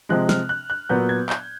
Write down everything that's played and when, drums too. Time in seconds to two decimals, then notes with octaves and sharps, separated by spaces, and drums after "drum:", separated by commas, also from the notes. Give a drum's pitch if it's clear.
0.09 C3 F3 G#3 F#6
0.29 F6, drum: snare
0.49 F#6
0.70 F#6
0.89 A#2 F#3 B3 G6
1.09 G#6
1.30 G6, drum: clap